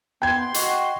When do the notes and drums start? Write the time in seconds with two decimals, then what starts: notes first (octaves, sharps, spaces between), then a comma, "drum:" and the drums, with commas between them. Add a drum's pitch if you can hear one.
0.22 B3 G5 C6 G#6
0.54 F#4 D#5, drum: hi-hat